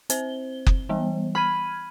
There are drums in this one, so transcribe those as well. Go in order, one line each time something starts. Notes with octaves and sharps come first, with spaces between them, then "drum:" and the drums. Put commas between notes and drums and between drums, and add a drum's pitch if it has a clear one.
C4 C5 G7, drum: hi-hat
drum: kick F#1
E3 G3 B3
B5 F6 G#6 D#7